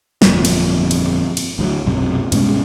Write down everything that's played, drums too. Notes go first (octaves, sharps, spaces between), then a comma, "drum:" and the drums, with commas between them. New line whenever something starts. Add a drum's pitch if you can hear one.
G1 F2 A#2, drum: snare
drum: cymbal
drum: cymbal
drum: cymbal
D2 F3 F#3
B1 F#2 C3
G2 B2 G#3 C#4, drum: cymbal